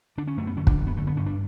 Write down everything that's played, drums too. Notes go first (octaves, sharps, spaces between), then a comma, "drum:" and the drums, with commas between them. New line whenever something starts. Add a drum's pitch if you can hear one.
D3 D4
C#4
F#2 A3
B3
D3 C#4
D4, drum: kick
F#2
B3
D3 A3
B3
G2 C#4
D4